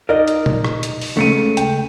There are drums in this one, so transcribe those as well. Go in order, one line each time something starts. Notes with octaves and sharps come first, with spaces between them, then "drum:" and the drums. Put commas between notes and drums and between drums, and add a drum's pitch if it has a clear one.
D#4 A#4 D5 D#5
drum: hi-hat
drum: tom A#2
drum: rim click
drum: hi-hat
drum: open hi-hat
C#2 G2 C#3 A3 C#7 D#7
G5, drum: hi-hat